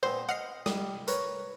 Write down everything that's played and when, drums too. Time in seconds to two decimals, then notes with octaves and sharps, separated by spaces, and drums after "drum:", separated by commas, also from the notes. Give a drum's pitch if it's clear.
0.03 A#2 B3 C4 C5
0.29 D#5 F#5 F6 C7
0.66 G3 D#6, drum: snare
1.07 A#4 B4 C#5, drum: hi-hat